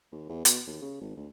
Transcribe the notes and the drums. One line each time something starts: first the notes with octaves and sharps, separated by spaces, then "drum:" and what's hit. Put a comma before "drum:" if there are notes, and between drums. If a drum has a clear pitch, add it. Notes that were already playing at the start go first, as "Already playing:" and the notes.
D#2
E2
B2, drum: hi-hat
D#2
C#3
G#1
D2